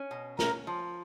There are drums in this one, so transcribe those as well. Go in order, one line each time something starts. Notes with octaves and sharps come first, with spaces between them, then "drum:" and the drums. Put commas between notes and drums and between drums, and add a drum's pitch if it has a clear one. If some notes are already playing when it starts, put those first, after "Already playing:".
Already playing: C#4
B2
C#4 A#4, drum: snare
F3